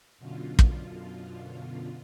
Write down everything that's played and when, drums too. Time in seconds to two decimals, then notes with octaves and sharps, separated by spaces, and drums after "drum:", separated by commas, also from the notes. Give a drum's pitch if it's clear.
0.18 F#2 B2 D3 F4
0.59 drum: kick